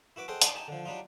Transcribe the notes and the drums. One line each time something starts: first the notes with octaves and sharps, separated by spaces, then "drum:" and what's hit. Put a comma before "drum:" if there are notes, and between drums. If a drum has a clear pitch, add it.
E4 F#4 B4 D6
G#4 A4 C5 D#5 F#5 G5
D4 D5 C6, drum: hi-hat
D#4 G4 G#5 A5
D3 F3
F#3 G3 D4 D#4 F4